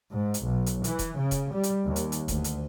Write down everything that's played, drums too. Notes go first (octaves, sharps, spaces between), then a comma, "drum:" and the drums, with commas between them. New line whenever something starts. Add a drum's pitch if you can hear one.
G#2
drum: hi-hat
B1
drum: hi-hat
E3, drum: hi-hat
drum: kick E1, hi-hat
C#3
drum: kick E1, hi-hat
G3
drum: hi-hat
D#2
drum: hi-hat
drum: hi-hat
D2, drum: kick E1, hi-hat
drum: hi-hat